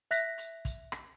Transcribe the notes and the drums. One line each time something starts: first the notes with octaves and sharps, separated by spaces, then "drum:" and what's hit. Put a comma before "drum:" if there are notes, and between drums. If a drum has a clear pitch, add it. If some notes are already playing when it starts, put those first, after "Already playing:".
E5 F#6 A#6 B6, drum: hi-hat
drum: hi-hat
drum: kick, hi-hat
drum: rim click